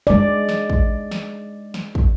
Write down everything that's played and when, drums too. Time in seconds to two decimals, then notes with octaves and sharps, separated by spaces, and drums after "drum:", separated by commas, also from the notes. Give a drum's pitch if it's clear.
0.07 G#3 D5
0.49 drum: snare
0.70 drum: kick
1.11 drum: snare
1.74 drum: snare
1.95 drum: kick